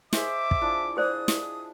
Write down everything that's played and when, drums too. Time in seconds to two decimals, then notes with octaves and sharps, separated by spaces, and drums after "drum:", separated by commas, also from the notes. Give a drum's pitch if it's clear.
0.13 G#4 C5 D#5 E5 D6, drum: snare
0.51 drum: kick
0.61 F3 D4 E4
0.97 G#4 C5 D5 D#6
1.28 drum: snare